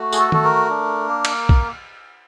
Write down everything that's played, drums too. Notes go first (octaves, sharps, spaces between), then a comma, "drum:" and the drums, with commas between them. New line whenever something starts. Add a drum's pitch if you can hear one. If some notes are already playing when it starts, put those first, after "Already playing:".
Already playing: A3 F#4
G#4, drum: tambourine
A4
A3 A4, drum: tom D#3
A#4
D4
A#3
drum: cymbal
drum: kick B1